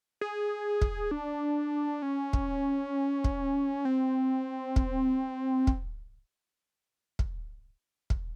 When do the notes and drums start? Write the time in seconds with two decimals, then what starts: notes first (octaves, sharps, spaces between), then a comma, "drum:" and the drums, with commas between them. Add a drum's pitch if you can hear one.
0.21 G#4
0.82 drum: kick
1.11 D4
2.02 C#4
2.33 drum: kick
3.24 drum: kick
3.85 C4
4.76 drum: kick
5.67 drum: kick
7.19 drum: kick
8.10 drum: kick